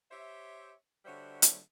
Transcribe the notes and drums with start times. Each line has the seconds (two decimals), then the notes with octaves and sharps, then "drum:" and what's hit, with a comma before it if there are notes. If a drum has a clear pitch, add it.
0.10 G4 C5 C#5 E5
1.05 D3 G3 F#4 C5 C#5 E5
1.42 drum: hi-hat